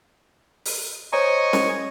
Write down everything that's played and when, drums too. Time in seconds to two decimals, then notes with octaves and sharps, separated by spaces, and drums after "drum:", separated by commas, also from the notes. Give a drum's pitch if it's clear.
0.65 drum: open hi-hat
1.13 C5 C#5 D#5 G#5 A#5 C#6
1.53 drum: snare C#4